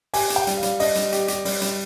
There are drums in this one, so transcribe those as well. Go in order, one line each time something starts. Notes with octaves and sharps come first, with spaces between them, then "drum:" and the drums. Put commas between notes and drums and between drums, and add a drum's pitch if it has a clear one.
G4 G#5, drum: open hi-hat
G4, drum: hi-hat
G5
G3, drum: hi-hat
F5
G3, drum: hi-hat
D4 D#5, drum: open hi-hat
G3, drum: hi-hat
G4, drum: hi-hat
G4, drum: hi-hat
G3, drum: open hi-hat
G3, drum: hi-hat